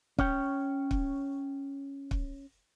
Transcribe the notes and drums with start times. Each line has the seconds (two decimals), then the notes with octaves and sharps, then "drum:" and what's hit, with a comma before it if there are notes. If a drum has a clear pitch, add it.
0.19 C#4 C#5 G5, drum: kick
0.91 drum: kick
2.11 drum: kick